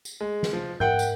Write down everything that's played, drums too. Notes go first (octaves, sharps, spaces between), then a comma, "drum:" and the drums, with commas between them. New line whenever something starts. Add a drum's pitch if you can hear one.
drum: tambourine
G#3
drum: snare
F3
A#4 E5 F#5 G5 G6, drum: tom G#2
drum: tambourine